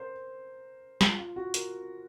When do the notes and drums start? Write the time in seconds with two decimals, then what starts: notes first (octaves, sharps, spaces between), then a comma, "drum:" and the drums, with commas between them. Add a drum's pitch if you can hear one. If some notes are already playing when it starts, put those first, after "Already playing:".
Already playing: A#4 C5
1.01 F4, drum: snare
1.19 F4
1.36 F#4
1.54 A#4, drum: hi-hat